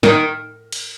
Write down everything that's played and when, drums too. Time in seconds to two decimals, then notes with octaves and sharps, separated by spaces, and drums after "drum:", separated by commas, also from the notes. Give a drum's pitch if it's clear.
0.03 D#3, drum: snare
0.72 drum: cymbal